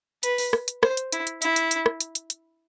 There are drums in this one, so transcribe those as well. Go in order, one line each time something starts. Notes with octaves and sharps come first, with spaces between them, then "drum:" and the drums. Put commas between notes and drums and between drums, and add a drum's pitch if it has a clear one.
B4, drum: hi-hat
drum: open hi-hat
drum: rim click
drum: hi-hat
C5, drum: rim click
drum: hi-hat
E4, drum: hi-hat
drum: hi-hat
E4, drum: hi-hat
drum: hi-hat
drum: hi-hat
drum: rim click
drum: hi-hat
drum: hi-hat
drum: hi-hat